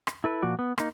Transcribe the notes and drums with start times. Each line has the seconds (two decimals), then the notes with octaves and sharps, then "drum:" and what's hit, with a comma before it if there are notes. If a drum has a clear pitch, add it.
0.07 drum: rim click
0.24 E4 A4 B4
0.42 A#2 F3 F#4 D5
0.59 B3
0.78 A#3 D#4, drum: rim click